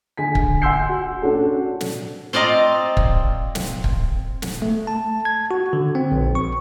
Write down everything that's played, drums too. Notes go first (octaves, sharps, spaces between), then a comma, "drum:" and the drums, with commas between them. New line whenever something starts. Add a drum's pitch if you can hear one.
D3 G#5 B6
drum: kick
F#5 G#5 C6 E6 G6 C7
F#4
C#4 D4 F#4 A4
drum: snare
C4 F4 D5 D#5 A#5
drum: kick
drum: snare
drum: kick
drum: snare
A3
A5
G#6
F#4
D3
C4
A#1
C#6